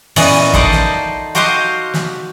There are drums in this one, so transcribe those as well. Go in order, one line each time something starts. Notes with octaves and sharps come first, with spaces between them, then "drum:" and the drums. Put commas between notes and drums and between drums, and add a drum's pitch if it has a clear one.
A#2 E3 B3 C#4 D#5, drum: open hi-hat
D#4 A4 C5 D5 D#5, drum: kick
drum: snare
F#4 G4 C5 D#5 F5 C6
drum: snare